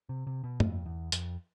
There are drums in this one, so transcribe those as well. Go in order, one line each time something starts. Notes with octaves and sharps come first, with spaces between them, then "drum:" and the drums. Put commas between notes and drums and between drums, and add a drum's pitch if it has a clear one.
C3
C3
B2
F2, drum: tom
E2
F2, drum: hi-hat